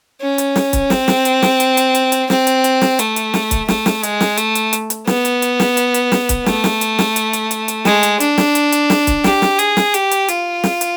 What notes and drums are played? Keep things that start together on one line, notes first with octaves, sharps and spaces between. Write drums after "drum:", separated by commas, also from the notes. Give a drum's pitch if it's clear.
C#4
drum: hi-hat
drum: snare
drum: kick, hi-hat
C4, drum: snare
drum: snare
drum: hi-hat
drum: snare
drum: hi-hat
drum: hi-hat
drum: hi-hat
drum: hi-hat
C4, drum: snare
drum: hi-hat
drum: hi-hat
drum: snare
A3, drum: hi-hat
drum: hi-hat
drum: snare
drum: kick, hi-hat
A3, drum: snare
drum: snare
G#3, drum: hi-hat
drum: snare
A3, drum: hi-hat
drum: hi-hat
drum: hi-hat
drum: hi-hat
B3, drum: snare
drum: hi-hat
drum: hi-hat
drum: snare
drum: hi-hat
drum: hi-hat
drum: snare
drum: kick, hi-hat
A3, drum: snare
drum: snare
drum: hi-hat
drum: snare
drum: hi-hat
drum: hi-hat
drum: hi-hat
drum: hi-hat
G#3, drum: snare
drum: hi-hat
D4, drum: hi-hat
drum: snare
drum: hi-hat
drum: hi-hat
drum: snare
drum: kick, hi-hat
G4, drum: snare
drum: snare
G#4, drum: hi-hat
drum: snare
G4, drum: hi-hat
drum: hi-hat
F4, drum: hi-hat
drum: snare
drum: hi-hat